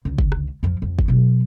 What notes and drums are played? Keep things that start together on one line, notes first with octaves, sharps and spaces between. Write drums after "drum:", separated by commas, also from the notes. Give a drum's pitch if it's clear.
C#2 D3
drum: kick
drum: rim click
F2 F3
F2
drum: kick
B2 F#3